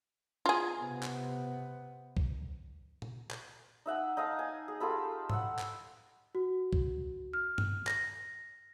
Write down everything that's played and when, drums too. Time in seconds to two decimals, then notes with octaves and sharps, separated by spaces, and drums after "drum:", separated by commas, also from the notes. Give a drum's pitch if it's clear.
0.46 F4 G#4
0.79 C3 B3
1.03 drum: clap
2.17 drum: kick
3.02 drum: tom A#2
3.31 drum: clap
3.86 D#4 E5 F#5 G#5
4.17 D#4 D#5 F5 A5
4.39 G#5
4.68 G#4
4.80 F4 G4 A4 B5
5.30 F#5 E6, drum: tom G#2
5.59 drum: clap
6.35 F#4
6.73 drum: kick
7.33 F6
7.58 drum: tom G2
7.87 A#6, drum: clap